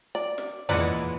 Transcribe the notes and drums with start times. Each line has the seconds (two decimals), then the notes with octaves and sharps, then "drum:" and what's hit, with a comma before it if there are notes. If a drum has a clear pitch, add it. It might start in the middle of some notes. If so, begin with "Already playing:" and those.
0.15 D5
0.38 drum: snare
0.69 A#2 E3 G#3 B4 D5 F#5, drum: tom E2